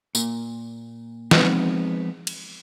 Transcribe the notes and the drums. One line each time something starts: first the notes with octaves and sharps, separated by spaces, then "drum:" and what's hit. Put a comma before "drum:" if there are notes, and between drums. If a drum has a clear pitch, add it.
A#2, drum: tambourine
F3 G#3 B3 C4 D#4, drum: snare
drum: cymbal